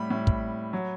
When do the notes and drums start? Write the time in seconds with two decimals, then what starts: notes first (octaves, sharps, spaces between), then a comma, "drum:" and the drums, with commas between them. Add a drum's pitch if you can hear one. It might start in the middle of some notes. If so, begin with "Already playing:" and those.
Already playing: A2 G3 B5
0.10 A2 G3
0.27 drum: kick
0.73 F#3